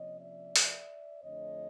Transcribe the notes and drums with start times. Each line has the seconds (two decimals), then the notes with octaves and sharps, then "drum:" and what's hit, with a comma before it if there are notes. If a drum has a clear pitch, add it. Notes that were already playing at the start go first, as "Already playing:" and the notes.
Already playing: C3 F3 A#3 C#4 C#5 D#5
0.20 D5 E5
0.56 drum: open hi-hat
1.23 F2 D3 F3 A3 D4 C#5 D#5